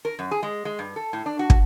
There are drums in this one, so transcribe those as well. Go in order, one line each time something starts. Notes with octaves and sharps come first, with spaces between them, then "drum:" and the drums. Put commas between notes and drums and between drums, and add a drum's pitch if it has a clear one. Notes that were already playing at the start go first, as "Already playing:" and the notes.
A#4
F#2
G#4
G#3
G#3
G2
A4
A2
D4
F#4
drum: kick